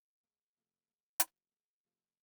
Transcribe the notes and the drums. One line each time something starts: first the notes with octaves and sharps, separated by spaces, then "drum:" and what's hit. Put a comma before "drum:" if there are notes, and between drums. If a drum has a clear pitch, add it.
C#2
C3 F3 A3
C#2
C3 F3 A3, drum: hi-hat
C#2
C3 F3 A3